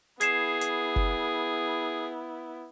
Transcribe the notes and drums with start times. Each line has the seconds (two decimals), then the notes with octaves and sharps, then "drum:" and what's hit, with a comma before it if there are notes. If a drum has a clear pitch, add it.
0.21 B3 E4 G#4 G#6 C7 E7, drum: hi-hat
0.61 drum: hi-hat
0.96 drum: kick F#1